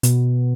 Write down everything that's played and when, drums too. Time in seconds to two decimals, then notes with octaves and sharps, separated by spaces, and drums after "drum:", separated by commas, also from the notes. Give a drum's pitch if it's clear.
0.03 B2, drum: hi-hat